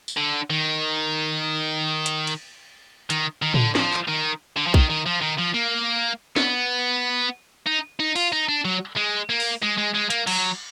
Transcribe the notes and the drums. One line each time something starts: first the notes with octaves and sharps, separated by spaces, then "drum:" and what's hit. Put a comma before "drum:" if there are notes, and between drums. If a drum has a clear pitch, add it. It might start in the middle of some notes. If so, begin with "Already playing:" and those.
drum: tambourine
D3
D#3
drum: hi-hat
drum: cymbal
D#3, drum: hi-hat
D#3
D3, drum: tom A2
F3, drum: snare
drum: clap
D#3
D3
F3
D#3, drum: kick
D#3
F3
D#3
F3
A#3
B3, drum: snare
D#4
D#4
F4, drum: open hi-hat
D#4
D4
F#3
G#3
A#3
drum: open hi-hat
G#3
G#3
G#3
A#3, drum: hi-hat
F#3, drum: cymbal